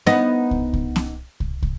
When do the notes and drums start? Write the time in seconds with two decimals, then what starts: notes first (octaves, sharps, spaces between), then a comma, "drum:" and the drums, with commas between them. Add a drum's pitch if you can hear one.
0.07 B3 D#4, drum: snare B3
0.51 drum: kick
0.73 drum: kick
0.96 drum: snare B3
1.40 drum: kick
1.63 drum: kick